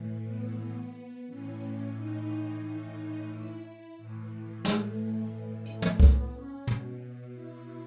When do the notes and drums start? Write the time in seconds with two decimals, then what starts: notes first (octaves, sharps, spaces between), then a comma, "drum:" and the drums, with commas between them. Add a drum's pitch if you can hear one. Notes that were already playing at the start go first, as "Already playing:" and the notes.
Already playing: A2 E3
0.26 B3
0.59 B3
1.27 A2 E3 C#4
1.95 D#4
2.62 D#4
3.30 E4
3.97 A2 E3
4.65 A3, drum: snare
5.65 A3, drum: hi-hat
5.82 drum: tom
6.00 B3, drum: kick C2
6.34 C#4
6.67 B2, drum: tom
7.35 E4